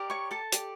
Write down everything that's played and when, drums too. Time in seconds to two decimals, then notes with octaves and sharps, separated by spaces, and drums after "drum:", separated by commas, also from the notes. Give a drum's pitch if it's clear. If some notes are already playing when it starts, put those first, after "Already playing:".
Already playing: G4 A#4 D5
0.10 C#5 C#6
0.31 A4 A5
0.52 G4 D5, drum: hi-hat